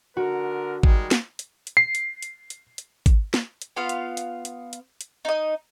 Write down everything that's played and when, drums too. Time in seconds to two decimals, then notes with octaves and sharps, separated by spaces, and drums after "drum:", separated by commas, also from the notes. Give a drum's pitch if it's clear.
0.17 D3 F#4 A#4
0.83 D#3 G3 G#3, drum: kick
1.11 drum: snare
1.39 drum: hi-hat
1.67 drum: hi-hat
1.77 C7
1.95 drum: hi-hat
2.22 drum: hi-hat
2.50 drum: hi-hat
2.78 drum: hi-hat
3.06 drum: kick, hi-hat
3.34 drum: snare
3.62 drum: hi-hat
3.76 B3 F4 F5
3.89 drum: hi-hat
4.17 drum: hi-hat
4.45 drum: hi-hat
4.73 drum: hi-hat
5.01 drum: hi-hat
5.25 D#4 D#5